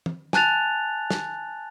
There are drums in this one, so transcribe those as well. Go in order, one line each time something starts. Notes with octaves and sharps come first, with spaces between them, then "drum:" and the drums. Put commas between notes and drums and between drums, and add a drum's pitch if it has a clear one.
drum: tom
G#5 A5 F#6 A6 F7, drum: snare
drum: snare